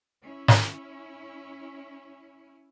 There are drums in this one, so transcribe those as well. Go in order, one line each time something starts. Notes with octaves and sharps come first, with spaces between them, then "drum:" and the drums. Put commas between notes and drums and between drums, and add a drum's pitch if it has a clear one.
C#4 E4
drum: snare